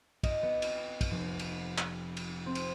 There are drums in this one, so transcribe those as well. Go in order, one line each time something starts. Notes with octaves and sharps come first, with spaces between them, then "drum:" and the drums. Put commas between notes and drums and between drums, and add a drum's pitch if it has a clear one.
D#5, drum: kick, cymbal
B3
drum: cymbal
drum: kick, cymbal
F1
drum: cymbal
drum: clap
drum: cymbal
C4
drum: cymbal